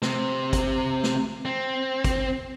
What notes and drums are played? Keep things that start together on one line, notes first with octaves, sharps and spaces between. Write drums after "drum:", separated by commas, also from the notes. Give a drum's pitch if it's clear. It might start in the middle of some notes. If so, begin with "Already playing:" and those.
C3, drum: snare
drum: kick, hi-hat
drum: snare
C4
drum: kick, hi-hat